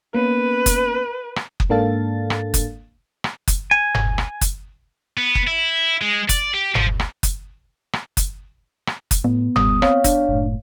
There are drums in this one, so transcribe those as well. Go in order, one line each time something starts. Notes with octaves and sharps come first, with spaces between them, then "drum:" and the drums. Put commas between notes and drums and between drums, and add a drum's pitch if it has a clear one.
A#3 B3 C#4 B4
drum: kick F#1, hi-hat
drum: rim click
drum: kick F#1
G#2 A#3 D4 A4 F5 A6
drum: rim click
drum: kick F#1, hi-hat
drum: rim click
drum: kick F#1, hi-hat
G#5
drum: tom F#1
drum: rim click
drum: kick F#1, hi-hat
B3
drum: kick F#1
E4
G#3
D5, drum: kick F#1, hi-hat
G4
F3, drum: tom F#1
drum: rim click
drum: kick F#1, hi-hat
drum: rim click
drum: kick F#1, hi-hat
drum: rim click
drum: kick F#1, hi-hat
A2 B3
G3 D#6, drum: tom F#1
C4 C#5 F5, drum: rim click
D4, drum: kick F#1, hi-hat
F#1 A2